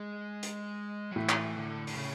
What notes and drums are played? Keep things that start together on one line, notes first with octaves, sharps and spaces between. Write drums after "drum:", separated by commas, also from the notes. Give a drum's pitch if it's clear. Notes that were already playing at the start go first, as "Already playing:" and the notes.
Already playing: G#3
drum: hi-hat
F#3
A2 E3
drum: clap
D3
D3, drum: open hi-hat
C#3